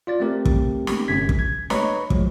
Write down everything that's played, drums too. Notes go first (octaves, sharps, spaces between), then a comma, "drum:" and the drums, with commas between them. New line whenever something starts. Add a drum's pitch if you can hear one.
F4 D5 A6
A3 C4 G4 A#4
drum: kick
drum: snare
G1 F#2 C3 C#4 G#6 B6
drum: kick
G#6
B4 C#5 D#5 A#5 B5 C#6, drum: snare
F3 F#3 G#3, drum: kick